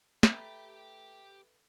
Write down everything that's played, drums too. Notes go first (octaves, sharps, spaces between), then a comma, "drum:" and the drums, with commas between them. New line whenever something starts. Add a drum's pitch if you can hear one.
A3 G4 B4 G5 A#5 B5, drum: snare